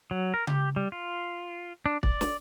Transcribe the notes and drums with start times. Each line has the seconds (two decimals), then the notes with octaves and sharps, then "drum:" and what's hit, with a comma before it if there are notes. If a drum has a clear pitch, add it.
0.11 F#3
0.34 A#4
0.47 G4, drum: tom C#3
0.76 G3
0.92 F4
1.86 D4
2.03 D5, drum: kick
2.21 drum: snare